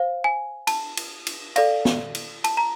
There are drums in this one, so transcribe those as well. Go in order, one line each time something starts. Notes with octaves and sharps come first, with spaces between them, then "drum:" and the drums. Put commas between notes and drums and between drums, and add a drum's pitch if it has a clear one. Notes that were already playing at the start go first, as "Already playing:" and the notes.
Already playing: C5 F5
G#5
A5, drum: cymbal
drum: cymbal
drum: cymbal
A4 D5 F5, drum: cymbal
drum: snare
drum: cymbal
A5, drum: cymbal
A#5